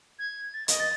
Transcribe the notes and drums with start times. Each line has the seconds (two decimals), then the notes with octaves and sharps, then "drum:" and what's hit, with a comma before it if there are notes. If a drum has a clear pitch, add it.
0.19 G#6
0.53 A6
0.68 D#5, drum: hi-hat
0.80 A6